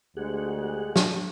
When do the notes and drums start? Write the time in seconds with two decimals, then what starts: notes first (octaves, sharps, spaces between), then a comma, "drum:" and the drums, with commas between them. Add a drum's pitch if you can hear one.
0.17 D2 G#3 G4 G#4 F#5
0.96 drum: snare